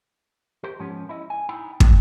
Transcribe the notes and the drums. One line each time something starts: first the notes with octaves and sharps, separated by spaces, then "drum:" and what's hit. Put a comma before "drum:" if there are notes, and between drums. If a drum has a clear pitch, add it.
G4 A#4 C5
G#2 F3 B3 C#4
E4 D#5
G#5
D#4 E4 G5 B5
A2 D3 D#3 F#3 G#3, drum: kick